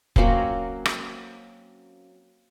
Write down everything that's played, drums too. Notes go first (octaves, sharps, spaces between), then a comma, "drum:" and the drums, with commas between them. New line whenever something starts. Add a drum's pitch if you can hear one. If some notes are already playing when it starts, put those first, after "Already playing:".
F#3 A#3 C4 C#4, drum: kick F1
drum: rim click